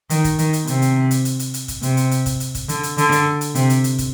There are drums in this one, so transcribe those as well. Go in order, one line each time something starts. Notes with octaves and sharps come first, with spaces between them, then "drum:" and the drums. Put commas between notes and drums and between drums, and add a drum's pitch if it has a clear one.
D#3, drum: hi-hat
drum: kick, hi-hat
D#3, drum: hi-hat
drum: hi-hat
C3, drum: hi-hat
drum: hi-hat
drum: hi-hat
drum: hi-hat
drum: hi-hat
drum: hi-hat
drum: kick, hi-hat
C3, drum: hi-hat
drum: hi-hat
drum: hi-hat
drum: kick, hi-hat
drum: hi-hat
drum: kick, hi-hat
D3, drum: hi-hat
drum: hi-hat
D3, drum: hi-hat
drum: hi-hat
drum: hi-hat
C3, drum: hi-hat
drum: hi-hat
drum: hi-hat
drum: kick, hi-hat